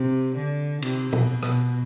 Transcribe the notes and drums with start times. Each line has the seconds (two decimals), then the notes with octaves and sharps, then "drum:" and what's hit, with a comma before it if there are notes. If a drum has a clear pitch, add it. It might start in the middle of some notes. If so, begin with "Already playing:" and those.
Already playing: C3
0.36 D3
0.82 C3, drum: cymbal
1.13 B2, drum: tom
1.43 B2, drum: rim click